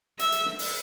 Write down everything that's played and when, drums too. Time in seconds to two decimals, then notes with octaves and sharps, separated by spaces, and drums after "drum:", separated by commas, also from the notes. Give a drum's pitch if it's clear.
0.19 E5, drum: hi-hat
0.32 drum: hi-hat
0.45 drum: snare
0.59 drum: open hi-hat